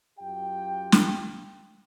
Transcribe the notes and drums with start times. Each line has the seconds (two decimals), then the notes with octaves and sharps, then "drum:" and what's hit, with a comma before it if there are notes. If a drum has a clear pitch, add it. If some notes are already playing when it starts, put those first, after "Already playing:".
0.19 F#2 F4 G4 G5
0.92 drum: snare